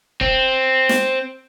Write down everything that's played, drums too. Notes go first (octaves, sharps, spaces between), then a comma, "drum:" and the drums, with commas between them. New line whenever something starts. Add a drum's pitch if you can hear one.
C4, drum: kick
drum: snare